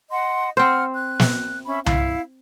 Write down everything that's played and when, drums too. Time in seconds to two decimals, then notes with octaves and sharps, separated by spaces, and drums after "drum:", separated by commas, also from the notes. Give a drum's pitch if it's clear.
0.11 D#5 F#5 C6
0.57 C4 C5 F#5 F6
0.95 F#6
1.20 drum: snare
1.66 C#4 E5 B5
1.86 E4 F5, drum: tom C2